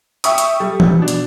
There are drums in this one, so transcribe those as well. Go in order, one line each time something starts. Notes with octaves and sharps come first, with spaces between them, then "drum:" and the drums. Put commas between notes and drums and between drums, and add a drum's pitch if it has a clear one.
E5 G5 C#6 D#6, drum: hi-hat
drum: hi-hat
G3 A4
drum: tom E3
B2 D4
drum: hi-hat